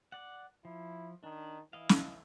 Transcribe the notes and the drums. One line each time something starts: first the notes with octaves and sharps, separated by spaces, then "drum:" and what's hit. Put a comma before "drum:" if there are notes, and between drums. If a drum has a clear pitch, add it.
D5 F#5
F3 E4
D#3 D4
E3 E4 D#5 F5
drum: snare